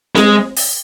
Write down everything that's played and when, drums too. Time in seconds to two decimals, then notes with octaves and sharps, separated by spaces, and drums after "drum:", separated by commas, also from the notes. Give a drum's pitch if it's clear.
0.15 G#3, drum: snare C4
0.56 drum: open hi-hat